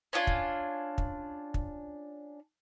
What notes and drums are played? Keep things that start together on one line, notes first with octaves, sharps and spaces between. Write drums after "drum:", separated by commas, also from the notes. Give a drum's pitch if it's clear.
C#4 D4 F4 G#5
drum: kick
drum: kick
drum: kick